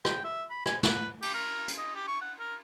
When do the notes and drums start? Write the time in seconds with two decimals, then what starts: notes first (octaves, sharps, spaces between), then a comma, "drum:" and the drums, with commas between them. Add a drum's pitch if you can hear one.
0.05 G5, drum: rim click
0.24 E5
0.50 B5
0.66 G#5, drum: rim click
0.83 B4, drum: snare
1.22 G4, drum: cymbal
1.34 A#4
1.68 drum: hi-hat
1.78 D#5
1.95 G4
2.07 C#6
2.21 F#5
2.39 A#4